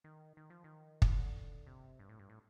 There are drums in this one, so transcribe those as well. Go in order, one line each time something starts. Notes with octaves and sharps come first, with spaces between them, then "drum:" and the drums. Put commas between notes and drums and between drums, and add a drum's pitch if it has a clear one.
D#3
D#3
F3
D#3
D3, drum: kick
C3
G2
A2
G2
A2